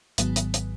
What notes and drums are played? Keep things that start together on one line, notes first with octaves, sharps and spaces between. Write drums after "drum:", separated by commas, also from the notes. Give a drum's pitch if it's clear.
G#1 G#2 D#3 F#3 B3, drum: hi-hat
drum: hi-hat
drum: hi-hat